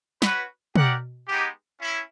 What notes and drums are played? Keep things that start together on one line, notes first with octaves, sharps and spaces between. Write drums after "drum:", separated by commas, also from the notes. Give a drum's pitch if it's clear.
C#4 F#4 B4, drum: snare
D#4 G4 A#4 D5 F#5, drum: tom
G#3 B3 D#4 G4
C#4 E4